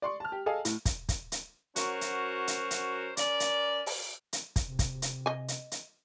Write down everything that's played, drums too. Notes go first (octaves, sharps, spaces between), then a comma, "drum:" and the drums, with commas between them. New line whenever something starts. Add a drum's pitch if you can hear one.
D5 C6 C#6
A5 F6
G4
G#4 A4 D#5 F5 G#5 A5
A2, drum: hi-hat
drum: kick, hi-hat
drum: kick, hi-hat
drum: hi-hat
F#3 C#4 F#4 A#4 C5, drum: hi-hat
drum: hi-hat
drum: hi-hat
drum: hi-hat
C#4 A#4 D5, drum: hi-hat
drum: hi-hat
drum: open hi-hat
drum: hi-hat
drum: kick, hi-hat
C3
drum: kick, hi-hat
drum: hi-hat
D#5 G#5
drum: hi-hat
drum: hi-hat